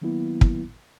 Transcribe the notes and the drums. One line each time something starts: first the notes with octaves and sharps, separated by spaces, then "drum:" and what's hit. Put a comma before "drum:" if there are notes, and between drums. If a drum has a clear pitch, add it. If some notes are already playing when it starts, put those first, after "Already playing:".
D#3 F#3 A#3 B3 E4
drum: kick